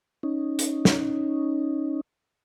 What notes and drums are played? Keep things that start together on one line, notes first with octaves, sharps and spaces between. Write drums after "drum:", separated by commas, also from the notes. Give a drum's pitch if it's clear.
C#4 D#4
drum: hi-hat
drum: snare